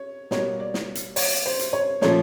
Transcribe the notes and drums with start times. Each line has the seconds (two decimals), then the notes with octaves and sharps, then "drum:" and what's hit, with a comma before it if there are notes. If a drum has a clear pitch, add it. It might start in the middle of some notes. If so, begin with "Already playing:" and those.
Already playing: C#5
0.31 B2 G3 A#3 C#5, drum: snare
0.60 D5
0.74 drum: snare
0.95 drum: hi-hat
1.16 C#5, drum: open hi-hat
1.46 C5
1.59 drum: hi-hat
1.73 C#5
2.01 A#2 F3 A3 C#4 C#5, drum: snare